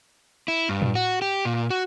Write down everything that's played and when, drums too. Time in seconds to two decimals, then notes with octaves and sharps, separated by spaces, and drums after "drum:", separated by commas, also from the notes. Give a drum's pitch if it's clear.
0.48 E4
0.69 G2
0.82 drum: tom A2
0.95 F#4
1.22 G4
1.45 A#2
1.70 F#4